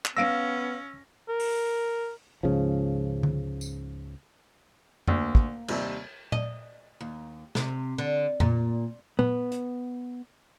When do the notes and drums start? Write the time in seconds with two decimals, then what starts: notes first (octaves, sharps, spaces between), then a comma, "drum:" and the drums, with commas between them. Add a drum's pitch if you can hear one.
0.05 drum: clap
0.17 B3 C#4 F5 E6 A#6
1.29 A#4
1.40 drum: open hi-hat
2.43 C#2 G#2 C#3 F3
3.23 drum: tom D3
3.61 drum: tambourine
5.07 D2 A#3 D4, drum: tom F2
5.35 drum: kick
5.68 D#2 C3 G3, drum: cymbal
6.32 D#5, drum: tom A#2
7.01 D#2
7.55 C3, drum: snare
7.98 D3
8.40 A#2, drum: tom F2
9.19 B3, drum: tom A#2
9.52 drum: hi-hat